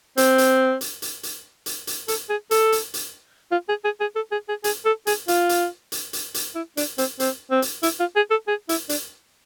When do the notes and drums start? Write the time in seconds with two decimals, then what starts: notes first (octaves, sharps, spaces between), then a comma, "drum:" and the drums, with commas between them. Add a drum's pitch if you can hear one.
0.17 C4, drum: hi-hat
0.38 drum: hi-hat
0.81 drum: hi-hat
1.02 drum: hi-hat
1.23 drum: hi-hat
1.66 drum: hi-hat
1.87 drum: hi-hat
2.08 A4, drum: hi-hat
2.30 G#4
2.51 A4, drum: hi-hat
2.72 drum: hi-hat
2.94 drum: hi-hat
3.52 F4
3.69 G#4
3.85 G#4
4.01 G#4
4.16 A4
4.32 G#4
4.49 G#4
4.64 G#4, drum: hi-hat
4.85 A4
5.07 G#4, drum: hi-hat
5.28 F4, drum: hi-hat
5.49 drum: hi-hat
5.92 drum: hi-hat
6.13 drum: hi-hat
6.34 drum: hi-hat
6.55 E4
6.77 D4, drum: hi-hat
6.98 C4, drum: hi-hat
7.20 C4, drum: hi-hat
7.51 C4
7.62 drum: hi-hat
7.83 E4, drum: hi-hat
8.00 F4
8.16 G#4
8.31 A4
8.48 G#4
8.69 E4, drum: hi-hat
8.89 D4, drum: hi-hat